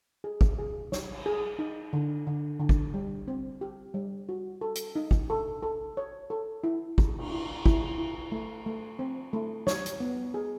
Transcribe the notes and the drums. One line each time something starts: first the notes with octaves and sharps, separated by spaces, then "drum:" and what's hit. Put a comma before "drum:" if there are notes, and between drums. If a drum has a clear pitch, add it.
G#4
drum: kick
G#4
C#5, drum: snare
drum: cymbal
G#4
D#4
D3
D3
D3
drum: kick
G3
C4
G4
G3
F#4
A4
drum: hi-hat
D#4
drum: kick
A4
A4
C#5
A4
E4
G#4, drum: kick
drum: cymbal
E4
E4, drum: kick
E4
A3
A3
C4
A3
C#5, drum: snare
drum: hi-hat
B3
G#4